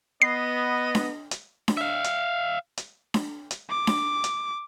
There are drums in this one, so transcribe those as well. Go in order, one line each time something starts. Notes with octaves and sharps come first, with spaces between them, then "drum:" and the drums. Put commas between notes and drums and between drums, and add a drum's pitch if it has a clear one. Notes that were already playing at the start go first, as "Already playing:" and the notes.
B3 D#5 C7
drum: snare D4
drum: hi-hat
drum: snare D4
E5 F5
drum: hi-hat
drum: hi-hat
drum: snare D4
drum: hi-hat
D6
drum: snare D4
drum: hi-hat